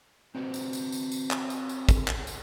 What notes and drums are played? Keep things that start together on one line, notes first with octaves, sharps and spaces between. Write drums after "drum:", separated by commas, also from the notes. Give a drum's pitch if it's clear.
C4 F#4 B4 C5
drum: tambourine
drum: tambourine
drum: tambourine
drum: tambourine
drum: clap
drum: tambourine
drum: tambourine
drum: kick, tambourine
drum: clap
drum: tambourine